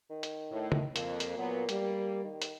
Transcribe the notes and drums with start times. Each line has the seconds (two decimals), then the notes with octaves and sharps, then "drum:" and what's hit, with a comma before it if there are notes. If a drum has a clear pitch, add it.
0.10 D#3
0.23 drum: hi-hat
0.51 A2
0.72 drum: tom C#3
0.96 F2 A#3, drum: hi-hat
1.20 drum: hi-hat
1.37 A#2 F#3 B3
1.69 G3, drum: hi-hat
2.25 D#3
2.42 drum: hi-hat